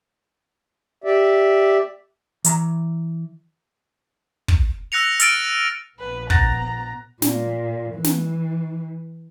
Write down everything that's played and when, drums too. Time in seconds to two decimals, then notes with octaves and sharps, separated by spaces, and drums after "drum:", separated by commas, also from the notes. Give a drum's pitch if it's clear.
1.04 G4 D5 E5
2.44 E3 A#5, drum: hi-hat
4.48 drum: kick
4.92 E6 F#6 A#6 C#7 F7
5.20 E6 F6 A6 D7 D#7, drum: hi-hat
6.00 A#1 F3 B3 B4
6.30 A#2 F#5 A#5 F#6 G6 A6 A#6, drum: kick
7.22 A#2, drum: snare
7.95 E3
8.04 drum: snare